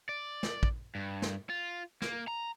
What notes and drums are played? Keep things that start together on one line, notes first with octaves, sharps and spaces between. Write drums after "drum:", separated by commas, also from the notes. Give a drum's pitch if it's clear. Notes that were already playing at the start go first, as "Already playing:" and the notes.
D5
drum: snare
drum: kick
G2
drum: snare
F4
A#3, drum: snare
A#5